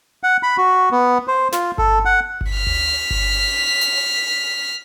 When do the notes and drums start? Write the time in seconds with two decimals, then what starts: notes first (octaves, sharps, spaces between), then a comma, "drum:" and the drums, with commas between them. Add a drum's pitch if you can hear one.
0.23 F#5
0.43 B5
0.57 F#4
0.92 B3
1.28 C5
1.52 F4, drum: snare
1.78 A4, drum: kick G1
2.05 F#5
2.41 drum: kick G1
2.52 F6 B6
2.67 drum: tom D2
3.11 drum: kick G1
3.81 drum: hi-hat